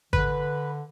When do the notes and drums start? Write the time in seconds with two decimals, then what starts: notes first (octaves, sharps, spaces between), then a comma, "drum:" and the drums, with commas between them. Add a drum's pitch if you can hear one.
0.13 D3 B4, drum: kick G#1